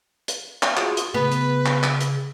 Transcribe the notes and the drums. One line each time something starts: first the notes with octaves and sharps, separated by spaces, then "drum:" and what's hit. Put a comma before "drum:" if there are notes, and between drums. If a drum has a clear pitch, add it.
drum: hi-hat
drum: clap
F4 F#4 G#4, drum: clap
drum: hi-hat
C#3 B3 B4
drum: hi-hat
drum: clap
drum: clap
drum: hi-hat